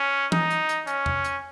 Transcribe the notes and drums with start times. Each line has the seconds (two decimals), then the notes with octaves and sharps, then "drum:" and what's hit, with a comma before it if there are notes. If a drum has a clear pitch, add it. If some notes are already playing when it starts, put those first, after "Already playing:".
Already playing: C#4
0.32 D#4, drum: tom
0.51 drum: hi-hat
0.69 drum: hi-hat
0.87 C#4, drum: hi-hat
1.06 drum: tom E2
1.24 drum: hi-hat